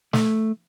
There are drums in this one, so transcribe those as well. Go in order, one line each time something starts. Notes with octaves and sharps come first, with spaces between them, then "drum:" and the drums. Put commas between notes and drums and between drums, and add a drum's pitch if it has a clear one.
A3, drum: snare